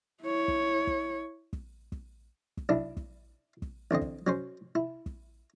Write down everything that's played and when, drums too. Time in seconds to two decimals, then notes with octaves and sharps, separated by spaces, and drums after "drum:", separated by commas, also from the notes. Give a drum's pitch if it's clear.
0.22 E4 C#5
0.48 drum: kick
0.87 drum: kick
1.53 drum: kick
1.92 drum: kick
2.57 drum: kick
2.69 B1 D4 E4
2.97 drum: kick
3.62 drum: kick
3.91 A1 D3 C4 D#5
4.01 drum: kick
4.27 F#3 C#4 C5
4.75 E4
5.06 drum: kick